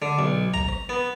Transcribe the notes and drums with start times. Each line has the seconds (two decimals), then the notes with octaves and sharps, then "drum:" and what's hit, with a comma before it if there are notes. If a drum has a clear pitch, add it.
0.02 D3
0.19 B1
0.54 A#5, drum: kick
0.69 drum: rim click
0.89 B3